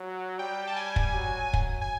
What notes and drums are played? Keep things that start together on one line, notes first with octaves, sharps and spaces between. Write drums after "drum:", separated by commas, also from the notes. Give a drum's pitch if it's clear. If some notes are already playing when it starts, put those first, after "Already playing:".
Already playing: F#3
G3 G5
A5
G#5
drum: kick
F#3
drum: kick
G#5